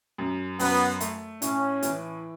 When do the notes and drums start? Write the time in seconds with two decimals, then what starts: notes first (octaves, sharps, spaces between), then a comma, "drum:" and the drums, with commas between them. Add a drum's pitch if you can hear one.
0.18 F#2
0.59 F#2 B3, drum: open hi-hat
1.00 A3, drum: hi-hat
1.42 A2 C#4, drum: hi-hat
1.83 E3, drum: hi-hat